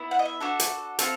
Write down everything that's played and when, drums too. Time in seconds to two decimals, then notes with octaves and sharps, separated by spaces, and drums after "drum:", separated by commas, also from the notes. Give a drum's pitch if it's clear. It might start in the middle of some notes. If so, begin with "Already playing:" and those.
Already playing: B3 E4
0.11 F#5
0.19 D#5
0.25 E5
0.40 D4 F#4 A4
0.60 drum: hi-hat
0.99 C4 F4 A4, drum: hi-hat